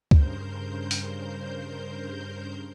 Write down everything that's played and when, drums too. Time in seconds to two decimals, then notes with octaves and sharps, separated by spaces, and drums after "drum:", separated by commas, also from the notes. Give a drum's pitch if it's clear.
0.11 G2 C#3 A#4 C5 G6, drum: kick C#2
0.91 drum: open hi-hat